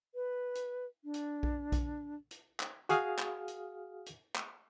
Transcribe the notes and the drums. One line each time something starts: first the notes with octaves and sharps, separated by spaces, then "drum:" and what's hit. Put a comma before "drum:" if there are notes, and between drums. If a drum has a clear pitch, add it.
B4
drum: hi-hat
D4
drum: hi-hat
drum: kick A#1
drum: kick A#1, hi-hat
drum: hi-hat
drum: clap
F#4 G#4 F5 D#6 F6, drum: hi-hat
drum: clap
drum: hi-hat
drum: hi-hat
drum: clap